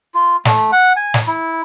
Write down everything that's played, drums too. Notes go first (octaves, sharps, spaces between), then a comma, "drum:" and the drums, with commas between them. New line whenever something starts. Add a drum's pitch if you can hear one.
F4
A3, drum: snare
F#5
G#5
drum: snare
E4